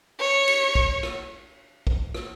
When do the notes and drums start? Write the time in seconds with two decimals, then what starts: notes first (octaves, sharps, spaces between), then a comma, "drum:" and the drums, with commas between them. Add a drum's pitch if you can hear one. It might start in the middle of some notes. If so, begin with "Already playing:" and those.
0.20 C#5
0.48 drum: cymbal
0.75 drum: kick
1.03 drum: rim click
1.87 drum: kick
2.14 drum: rim click